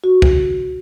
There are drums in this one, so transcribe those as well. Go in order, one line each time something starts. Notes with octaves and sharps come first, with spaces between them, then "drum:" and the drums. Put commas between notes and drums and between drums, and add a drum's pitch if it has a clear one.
F#4
drum: kick